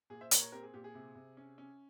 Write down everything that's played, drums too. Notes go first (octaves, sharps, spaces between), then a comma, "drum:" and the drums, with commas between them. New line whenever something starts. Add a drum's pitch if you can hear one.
A#2 G#4
C5 E5
A#2 A#4 C#5, drum: hi-hat
A#4 C#5
C4 G4 A#4
G#4
A#2 G4
G#4
C3
C3
C#4
C#4